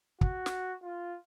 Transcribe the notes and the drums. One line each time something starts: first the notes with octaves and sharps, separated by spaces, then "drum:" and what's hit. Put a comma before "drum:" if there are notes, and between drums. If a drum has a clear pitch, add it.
F#4, drum: kick
drum: snare
F4